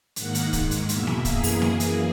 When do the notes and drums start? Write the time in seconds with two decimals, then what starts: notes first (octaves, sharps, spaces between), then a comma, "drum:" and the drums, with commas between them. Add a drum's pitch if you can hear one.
0.16 G#2 D#3 A#3 F#5, drum: hi-hat
0.35 drum: hi-hat
0.53 G#2 D#3 G#3, drum: kick, hi-hat
0.71 drum: hi-hat
0.89 E2 B2 A#3 E5, drum: hi-hat
1.07 drum: snare
1.25 F#2 E3 A#3 G#4, drum: kick, hi-hat
1.43 drum: open hi-hat
1.62 drum: snare
1.80 drum: hi-hat